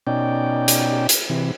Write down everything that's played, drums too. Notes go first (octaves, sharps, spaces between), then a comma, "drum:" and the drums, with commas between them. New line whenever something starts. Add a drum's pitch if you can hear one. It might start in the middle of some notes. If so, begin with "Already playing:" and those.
B2 C#4 D#4 D5 G5
drum: hi-hat
drum: hi-hat
C3 E3